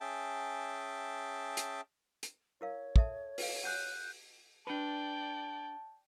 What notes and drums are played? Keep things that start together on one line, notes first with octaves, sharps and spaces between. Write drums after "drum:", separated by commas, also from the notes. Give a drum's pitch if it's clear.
C#4 G#4 E5 G5 A5
drum: hi-hat
drum: hi-hat
E4 A#4 C#5 F5
A4 E5 A5, drum: kick
B4 F5, drum: open hi-hat
F#5 G#5 F#6 G6 D#7
D4 B4 D5 G5 A5